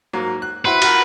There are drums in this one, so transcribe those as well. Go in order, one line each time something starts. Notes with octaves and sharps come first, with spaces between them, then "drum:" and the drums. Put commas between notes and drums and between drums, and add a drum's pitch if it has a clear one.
G#2 F#3 A#3
F#6
E4 F#4 B4 C5
F4 F#4 A#4, drum: cymbal